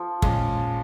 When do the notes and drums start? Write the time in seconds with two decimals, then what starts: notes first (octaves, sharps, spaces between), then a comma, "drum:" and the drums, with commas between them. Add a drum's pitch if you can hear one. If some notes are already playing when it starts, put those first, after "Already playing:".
Already playing: F3
0.22 A#2 G#3 C#4 F4, drum: kick